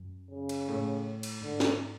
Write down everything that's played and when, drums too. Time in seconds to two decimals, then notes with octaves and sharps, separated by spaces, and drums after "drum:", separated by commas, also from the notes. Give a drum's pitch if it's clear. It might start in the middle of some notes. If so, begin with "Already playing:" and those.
Already playing: F#2
0.31 C#3
0.49 drum: cymbal
0.68 A2
1.23 drum: cymbal
1.41 G#2 D3
1.60 drum: snare